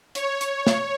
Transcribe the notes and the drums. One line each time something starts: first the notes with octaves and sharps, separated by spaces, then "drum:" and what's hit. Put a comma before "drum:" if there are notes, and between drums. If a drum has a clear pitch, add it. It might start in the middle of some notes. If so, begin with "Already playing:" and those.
C#5, drum: hi-hat
drum: hi-hat
drum: snare